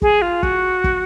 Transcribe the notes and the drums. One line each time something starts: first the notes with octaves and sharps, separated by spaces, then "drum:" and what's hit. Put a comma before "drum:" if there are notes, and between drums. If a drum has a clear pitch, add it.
G#4, drum: kick
F4
F#4, drum: kick
drum: kick